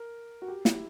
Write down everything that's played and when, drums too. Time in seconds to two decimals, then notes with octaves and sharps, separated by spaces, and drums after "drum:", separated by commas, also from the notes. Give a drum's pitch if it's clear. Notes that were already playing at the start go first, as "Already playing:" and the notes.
Already playing: A#4
0.42 F#4
0.48 G4
0.65 E4, drum: snare